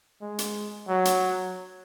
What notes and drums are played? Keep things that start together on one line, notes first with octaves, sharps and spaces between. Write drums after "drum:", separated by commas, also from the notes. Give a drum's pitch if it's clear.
G#3
drum: hi-hat
F#3
drum: hi-hat